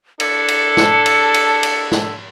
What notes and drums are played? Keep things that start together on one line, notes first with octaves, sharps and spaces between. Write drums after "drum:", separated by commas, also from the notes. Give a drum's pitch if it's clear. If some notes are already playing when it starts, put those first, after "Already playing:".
D4 E4 A4 C#7, drum: cymbal
drum: cymbal
drum: snare
drum: cymbal
drum: cymbal
drum: cymbal
drum: snare